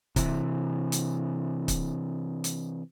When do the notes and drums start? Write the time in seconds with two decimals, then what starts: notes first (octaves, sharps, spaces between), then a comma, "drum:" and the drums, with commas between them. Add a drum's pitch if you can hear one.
0.16 C3 E3, drum: kick C#1, hi-hat
0.92 drum: hi-hat
1.68 drum: kick C#1, hi-hat
2.44 drum: hi-hat